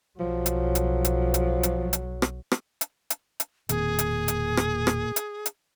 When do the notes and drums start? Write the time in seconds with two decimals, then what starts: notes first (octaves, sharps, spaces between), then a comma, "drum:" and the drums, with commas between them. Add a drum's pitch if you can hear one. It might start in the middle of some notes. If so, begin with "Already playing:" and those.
0.20 B1 F3 F#3
0.46 drum: hi-hat
0.75 drum: hi-hat
1.05 drum: hi-hat
1.34 drum: hi-hat
1.63 drum: hi-hat
1.93 drum: hi-hat
2.22 drum: rim click
2.52 drum: rim click
2.81 drum: hi-hat
3.10 drum: hi-hat
3.40 drum: hi-hat
3.69 E1 A#2 D#3 C4 G#4, drum: hi-hat
3.99 drum: hi-hat
4.28 drum: hi-hat
4.57 drum: rim click
4.87 drum: rim click
5.16 drum: hi-hat
5.46 drum: hi-hat